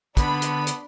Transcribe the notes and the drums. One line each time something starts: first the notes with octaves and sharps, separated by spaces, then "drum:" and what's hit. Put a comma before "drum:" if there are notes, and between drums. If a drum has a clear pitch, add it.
D3 B3 D4 B5, drum: kick, hi-hat
drum: hi-hat
drum: hi-hat